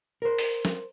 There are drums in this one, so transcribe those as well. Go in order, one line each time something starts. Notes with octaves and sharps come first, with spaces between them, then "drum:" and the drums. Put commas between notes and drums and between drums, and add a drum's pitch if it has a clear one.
A#4 C5
drum: open hi-hat
drum: snare